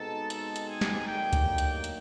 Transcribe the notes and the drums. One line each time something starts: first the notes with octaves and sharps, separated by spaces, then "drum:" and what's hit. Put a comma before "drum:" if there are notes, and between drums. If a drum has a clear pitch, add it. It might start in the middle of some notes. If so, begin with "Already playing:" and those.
Already playing: B2 G#3 C4 D#4 A4 A5
A4 A5, drum: hi-hat
drum: hi-hat
G#4 G#5
drum: snare
D2 D3 F#3 A#3 D#4 G4 G5
drum: kick C#2, hi-hat
drum: hi-hat
drum: hi-hat